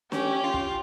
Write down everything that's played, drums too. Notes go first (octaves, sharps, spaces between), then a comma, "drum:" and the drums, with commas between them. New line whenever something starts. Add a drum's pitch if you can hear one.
C#4 G4, drum: snare
F4
drum: kick